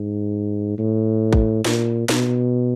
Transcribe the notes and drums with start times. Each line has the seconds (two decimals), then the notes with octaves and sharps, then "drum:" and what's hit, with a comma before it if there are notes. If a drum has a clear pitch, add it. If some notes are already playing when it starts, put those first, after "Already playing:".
Already playing: G#2
0.79 A2
1.33 drum: kick
1.65 A#2, drum: snare
2.09 B2, drum: snare